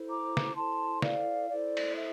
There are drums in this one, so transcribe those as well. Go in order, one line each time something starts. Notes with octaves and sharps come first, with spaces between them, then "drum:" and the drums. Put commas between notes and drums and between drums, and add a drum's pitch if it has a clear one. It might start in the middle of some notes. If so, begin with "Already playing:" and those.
Already playing: E4 A4 C5
A#5 D6
drum: snare
E4 A4 C5 A5 C6
D5 F5, drum: snare
E4 A4 C5 D5
drum: cymbal
E5